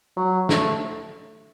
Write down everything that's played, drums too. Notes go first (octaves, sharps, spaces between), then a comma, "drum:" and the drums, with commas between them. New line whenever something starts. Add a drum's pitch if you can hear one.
F#3
A3, drum: snare